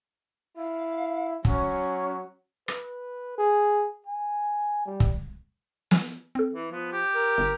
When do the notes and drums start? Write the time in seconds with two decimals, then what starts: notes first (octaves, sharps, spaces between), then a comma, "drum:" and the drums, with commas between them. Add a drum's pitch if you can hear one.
0.57 E4 F5
1.45 F#3 C#4, drum: kick
2.68 B4, drum: rim click
3.38 G#4
4.07 G#5
4.86 G3
5.00 drum: kick
5.91 drum: snare
6.35 C4 A4
6.53 E3
6.71 F3 B3
6.92 G4
7.15 A#4
7.38 G1